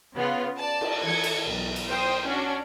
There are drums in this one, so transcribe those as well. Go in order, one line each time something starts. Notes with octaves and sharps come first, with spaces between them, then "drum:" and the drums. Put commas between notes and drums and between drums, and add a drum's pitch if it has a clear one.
C#3 B3 F4
D5 A5
drum: cymbal
E3 A4 G#6 C#7
drum: cymbal
B1
drum: cymbal
C5 G5 D#6
C#4 D4 F#4